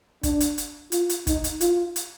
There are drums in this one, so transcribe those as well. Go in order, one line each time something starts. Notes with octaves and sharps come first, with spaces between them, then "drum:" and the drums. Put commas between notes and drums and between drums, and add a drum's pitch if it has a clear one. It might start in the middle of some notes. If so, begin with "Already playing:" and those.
D4, drum: kick, hi-hat
drum: hi-hat
drum: hi-hat
F4, drum: hi-hat
drum: hi-hat
D#4, drum: kick, hi-hat
drum: hi-hat
F4, drum: hi-hat
drum: hi-hat